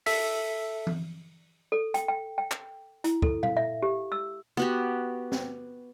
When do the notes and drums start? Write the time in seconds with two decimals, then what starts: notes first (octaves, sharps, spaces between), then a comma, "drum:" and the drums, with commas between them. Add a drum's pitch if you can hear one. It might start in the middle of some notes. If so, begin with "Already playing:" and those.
0.06 A4 E5 B6, drum: open hi-hat
0.87 drum: tom E3
1.72 A4
1.94 G5, drum: hi-hat
2.08 G5
2.38 G5
2.51 drum: clap
3.04 E4, drum: hi-hat
3.22 A4, drum: kick
3.43 F5, drum: tom A#2
3.57 E5
3.83 G4
4.12 E6
4.57 B3 F#4 G4
5.32 drum: snare